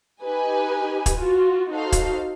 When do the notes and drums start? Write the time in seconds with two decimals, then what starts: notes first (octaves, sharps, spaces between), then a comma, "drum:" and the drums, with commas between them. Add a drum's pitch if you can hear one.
0.23 D#4 G4 B4 G#5
1.06 drum: kick, hi-hat
1.17 F4 F#4
1.71 D#4 F#4 A4 C5 F5
1.92 drum: kick, hi-hat